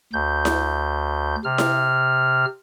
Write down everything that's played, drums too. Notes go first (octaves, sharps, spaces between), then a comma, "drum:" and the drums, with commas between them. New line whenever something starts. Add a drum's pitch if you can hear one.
D2 G6
drum: snare E4
C3 F6
drum: snare E4